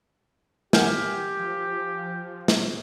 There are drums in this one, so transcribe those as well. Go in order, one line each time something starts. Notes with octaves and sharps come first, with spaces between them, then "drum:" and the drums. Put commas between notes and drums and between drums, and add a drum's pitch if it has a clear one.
E3 G4 A#4 E5 F#5 G#5 F6 G6, drum: snare
F3
drum: snare